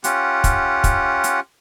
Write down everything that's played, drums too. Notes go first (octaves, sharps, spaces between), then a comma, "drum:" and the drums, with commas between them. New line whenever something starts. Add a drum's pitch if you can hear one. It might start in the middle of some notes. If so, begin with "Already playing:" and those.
C#4 F4 G4 F#5, drum: hi-hat
drum: kick, hi-hat
drum: kick, hi-hat
drum: hi-hat